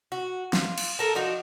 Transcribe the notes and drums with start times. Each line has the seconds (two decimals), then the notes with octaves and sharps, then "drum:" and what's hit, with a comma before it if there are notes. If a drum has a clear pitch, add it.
0.12 F#4
0.53 F4, drum: snare
0.78 drum: cymbal
0.99 A4 A#4 A5
1.15 F3 D4 D#4 F#4